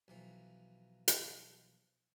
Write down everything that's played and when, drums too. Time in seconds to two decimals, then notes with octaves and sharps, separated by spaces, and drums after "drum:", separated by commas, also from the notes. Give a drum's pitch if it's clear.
0.08 B1 E3 F3
1.08 drum: hi-hat